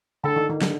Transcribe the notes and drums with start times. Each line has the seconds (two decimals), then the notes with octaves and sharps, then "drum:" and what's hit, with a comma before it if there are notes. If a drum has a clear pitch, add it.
0.24 D3 A4
0.36 D#3
0.50 D#3
0.62 D3, drum: snare